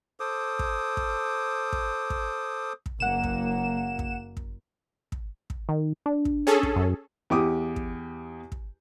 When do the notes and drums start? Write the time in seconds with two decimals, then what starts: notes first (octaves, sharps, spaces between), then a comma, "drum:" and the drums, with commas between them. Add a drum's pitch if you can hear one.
0.20 A4 C5 D6 D#6
0.59 drum: kick
0.97 drum: kick
1.72 drum: kick
2.10 drum: kick
2.86 drum: kick
3.00 F#1 A#3 F#5 E7
3.23 drum: kick
3.99 drum: kick
4.37 drum: kick
5.12 drum: kick
5.50 drum: kick
5.69 D#3
6.06 D4
6.25 drum: kick
6.47 C#4 G#4 A4
6.63 drum: kick
6.76 F#2
7.30 E2 G4 D6 D#6
7.76 drum: kick
8.52 drum: kick